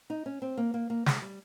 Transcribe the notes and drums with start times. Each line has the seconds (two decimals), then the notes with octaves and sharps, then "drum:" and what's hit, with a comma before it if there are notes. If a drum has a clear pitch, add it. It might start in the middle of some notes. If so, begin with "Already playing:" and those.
0.10 D#4
0.26 C#4
0.42 C4
0.57 A#3
0.74 A#3
0.90 A#3
1.06 G#3, drum: snare
1.22 G3